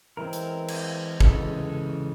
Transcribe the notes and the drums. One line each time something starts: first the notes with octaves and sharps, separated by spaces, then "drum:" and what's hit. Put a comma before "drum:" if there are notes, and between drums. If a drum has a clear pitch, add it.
E3 G#3 C4 A#4
drum: hi-hat
drum: cymbal
C#3 E3 G#3 A4, drum: kick